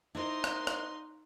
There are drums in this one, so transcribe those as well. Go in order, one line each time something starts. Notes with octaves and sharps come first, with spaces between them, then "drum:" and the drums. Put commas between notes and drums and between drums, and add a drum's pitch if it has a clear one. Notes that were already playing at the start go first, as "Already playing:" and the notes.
D#4 E4 A#4 C5 C6
drum: rim click
drum: rim click